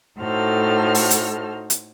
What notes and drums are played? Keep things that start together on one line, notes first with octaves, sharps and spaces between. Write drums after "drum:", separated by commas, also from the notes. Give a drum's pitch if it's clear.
A2 D#4 F#4 A4 C5 F6
drum: open hi-hat
drum: hi-hat
drum: hi-hat